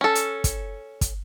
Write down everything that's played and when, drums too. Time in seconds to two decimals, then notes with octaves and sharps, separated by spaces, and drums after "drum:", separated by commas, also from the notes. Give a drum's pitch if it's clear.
0.01 C#4 A4
0.15 drum: hi-hat
0.44 drum: kick, hi-hat
1.01 drum: kick, hi-hat